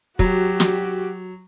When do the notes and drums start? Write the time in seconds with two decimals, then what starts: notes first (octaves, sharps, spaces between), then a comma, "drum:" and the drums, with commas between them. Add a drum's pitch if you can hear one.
0.19 F#3 F#4 G4, drum: kick
0.60 drum: snare